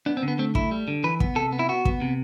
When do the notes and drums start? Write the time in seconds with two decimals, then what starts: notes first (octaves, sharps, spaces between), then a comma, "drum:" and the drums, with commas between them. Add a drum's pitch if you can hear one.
0.06 B3 D4
0.17 C4
0.23 D3
0.28 B3
0.39 A3 C4
0.55 A3 E4, drum: kick
0.71 G3
0.88 D3
1.04 E3 B4
1.20 B3, drum: kick
1.35 C3 A4
1.52 B3
1.59 E4
1.69 B3 F#4
1.85 B3, drum: kick
2.01 C3